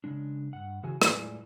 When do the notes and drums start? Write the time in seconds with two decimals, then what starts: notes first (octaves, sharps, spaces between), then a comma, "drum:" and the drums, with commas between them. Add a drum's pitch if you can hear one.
0.04 C#3 G#3 D4
0.53 G2 F#5
0.83 C#3 E3 F#4 G#4 G#5
1.02 A2 G#3 E4 F4 D5 G#5, drum: rim click